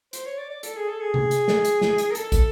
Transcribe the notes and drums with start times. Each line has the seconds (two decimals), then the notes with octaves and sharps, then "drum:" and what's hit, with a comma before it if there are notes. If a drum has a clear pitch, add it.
0.13 C5, drum: hi-hat
0.26 C#5
0.38 D5
0.50 D5
0.63 A4, drum: hi-hat
0.76 G#4
0.89 A4
1.01 G#4
1.14 drum: tom C3
1.31 drum: hi-hat
1.48 drum: snare
1.65 drum: hi-hat
1.81 drum: snare
1.98 drum: hi-hat
2.11 A#4
2.15 A4, drum: hi-hat
2.32 drum: kick, hi-hat